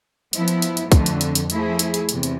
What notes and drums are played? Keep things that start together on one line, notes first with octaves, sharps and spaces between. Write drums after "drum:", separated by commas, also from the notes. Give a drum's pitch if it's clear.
F3 B3 E4, drum: hi-hat
drum: hi-hat
drum: hi-hat
drum: hi-hat
F2 D3 A3, drum: kick, hi-hat
drum: hi-hat
drum: hi-hat
drum: hi-hat
F3 A3 E4 G#4, drum: hi-hat
drum: hi-hat
drum: hi-hat
E2 C3, drum: hi-hat
drum: hi-hat